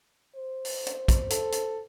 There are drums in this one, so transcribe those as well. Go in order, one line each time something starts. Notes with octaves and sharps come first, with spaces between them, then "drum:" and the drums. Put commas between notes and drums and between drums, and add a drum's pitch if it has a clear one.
C5
drum: open hi-hat
drum: hi-hat
drum: kick, hi-hat
A4, drum: hi-hat
drum: hi-hat